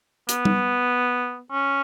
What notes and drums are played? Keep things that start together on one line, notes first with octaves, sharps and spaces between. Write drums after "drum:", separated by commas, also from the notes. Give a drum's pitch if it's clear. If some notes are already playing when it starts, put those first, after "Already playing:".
B3, drum: hi-hat
drum: tom G3
C#4